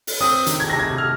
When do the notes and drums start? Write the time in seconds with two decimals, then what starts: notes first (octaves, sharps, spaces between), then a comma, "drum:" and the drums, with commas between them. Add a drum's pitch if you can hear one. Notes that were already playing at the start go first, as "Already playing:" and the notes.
0.07 drum: open hi-hat
0.21 C4 D#6
0.47 D#3, drum: hi-hat
0.60 G#6
0.70 C3 A#6
0.79 G#6
0.98 F6